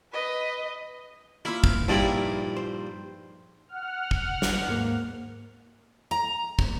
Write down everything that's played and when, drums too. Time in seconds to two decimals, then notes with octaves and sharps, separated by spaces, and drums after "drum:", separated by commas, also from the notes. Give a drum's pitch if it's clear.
0.12 B4 D#5
1.45 A#3 E4 F4
1.64 drum: kick
1.88 G2 A#2 F3 D#4 E4 G#4
2.56 C5
3.68 F#5 F6
4.11 drum: kick
4.42 drum: snare
4.67 D#2 G#2 A#3
6.11 A#5
6.59 drum: kick